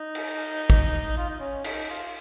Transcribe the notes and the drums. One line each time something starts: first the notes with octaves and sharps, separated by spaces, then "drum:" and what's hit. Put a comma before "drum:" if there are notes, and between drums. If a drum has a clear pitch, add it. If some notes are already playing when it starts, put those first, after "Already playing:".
Already playing: D#4
drum: cymbal
drum: kick
F4
D#4
C#4
D#4, drum: cymbal
F4